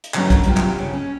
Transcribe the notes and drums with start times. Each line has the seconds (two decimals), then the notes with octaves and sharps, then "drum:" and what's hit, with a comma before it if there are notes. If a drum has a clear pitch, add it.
0.04 drum: hi-hat
0.14 D3 E3 F#3 A3 C#4 A#4, drum: clap
0.30 drum: kick, hi-hat
0.44 C3 F#3 G3 F4 G5, drum: hi-hat
0.57 drum: clap
0.79 C#3
0.93 C#4